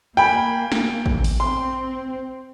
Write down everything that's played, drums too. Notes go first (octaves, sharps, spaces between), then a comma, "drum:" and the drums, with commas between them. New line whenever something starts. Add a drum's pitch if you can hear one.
A#3 G5 G#5 B5
drum: snare
drum: kick A1
drum: open hi-hat
C4 C6